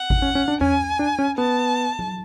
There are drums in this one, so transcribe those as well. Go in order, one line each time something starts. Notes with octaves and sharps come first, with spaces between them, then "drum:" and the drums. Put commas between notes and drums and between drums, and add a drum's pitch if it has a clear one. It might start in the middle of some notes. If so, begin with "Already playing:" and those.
Already playing: F#5
drum: kick G#1
C#4
C#4
D4
C#4 G#5, drum: tom E2
D4
C#4
B3 A5
drum: tom F#3